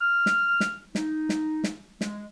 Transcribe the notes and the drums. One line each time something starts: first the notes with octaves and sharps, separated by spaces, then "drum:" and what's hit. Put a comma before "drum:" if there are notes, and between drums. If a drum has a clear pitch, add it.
F6
drum: snare
drum: snare
D#4, drum: snare
drum: snare
drum: snare
G#3, drum: snare